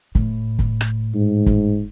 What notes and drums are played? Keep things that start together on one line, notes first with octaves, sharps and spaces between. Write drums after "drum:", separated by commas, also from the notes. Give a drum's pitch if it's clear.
A2, drum: kick
drum: kick
drum: rim click
G#2
drum: kick